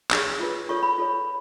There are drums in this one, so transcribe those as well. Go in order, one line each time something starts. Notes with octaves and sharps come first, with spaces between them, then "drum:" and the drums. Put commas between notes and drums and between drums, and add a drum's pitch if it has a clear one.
D4 G#4 C#5 C#6, drum: clap
F4 B4
F4 A4 C#5 C#6
B5
F4 A4 C#5